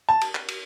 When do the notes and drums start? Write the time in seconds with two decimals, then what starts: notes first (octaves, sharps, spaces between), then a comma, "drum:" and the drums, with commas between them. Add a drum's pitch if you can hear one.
0.09 A5
0.21 drum: cymbal
0.35 drum: clap
0.48 drum: cymbal